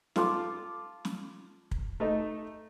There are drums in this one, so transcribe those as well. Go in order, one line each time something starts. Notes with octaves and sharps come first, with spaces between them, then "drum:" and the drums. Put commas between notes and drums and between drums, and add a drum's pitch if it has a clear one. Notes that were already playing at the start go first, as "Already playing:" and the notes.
F4 A4 C6 D6, drum: snare
drum: snare
drum: kick
A3 D#4